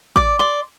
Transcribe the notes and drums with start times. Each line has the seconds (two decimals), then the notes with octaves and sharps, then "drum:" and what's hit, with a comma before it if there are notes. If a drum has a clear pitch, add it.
0.16 D5 D6, drum: kick
0.39 D5 C6